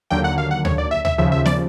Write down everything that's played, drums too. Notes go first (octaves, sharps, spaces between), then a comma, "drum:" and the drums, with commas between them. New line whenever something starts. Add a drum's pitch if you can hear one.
D#2 D3 F#3 A#3 G5
F#5
F5
F#5
C#5, drum: tom D2
D5
E5
E5, drum: tom D2
D#2 C#3 F3 E5
E5
D5, drum: snare